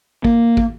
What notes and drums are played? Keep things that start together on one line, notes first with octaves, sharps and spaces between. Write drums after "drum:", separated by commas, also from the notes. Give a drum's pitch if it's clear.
A#3, drum: kick
drum: kick